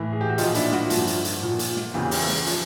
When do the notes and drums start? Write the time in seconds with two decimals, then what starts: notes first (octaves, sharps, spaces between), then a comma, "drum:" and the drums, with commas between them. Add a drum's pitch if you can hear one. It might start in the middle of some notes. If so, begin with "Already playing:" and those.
Already playing: A2 E3
0.12 G#4
0.21 G4
0.29 F#4
0.38 A#2 F3 D#4 F4, drum: hi-hat
0.54 D4 E4, drum: hi-hat
0.72 E4 F#4, drum: snare
0.90 G2 D3 F3, drum: hi-hat
1.07 drum: hi-hat
1.24 drum: hi-hat
1.42 A#2 F3
1.59 drum: hi-hat
1.77 drum: snare
1.94 E2 C#3 E3 F4 G4
2.11 drum: open hi-hat
2.29 drum: snare
2.46 F3, drum: hi-hat